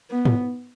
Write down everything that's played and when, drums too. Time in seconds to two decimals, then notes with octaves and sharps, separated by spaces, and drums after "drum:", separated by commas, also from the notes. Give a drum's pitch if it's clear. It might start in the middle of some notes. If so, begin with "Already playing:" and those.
0.10 B3
0.25 drum: tom G#2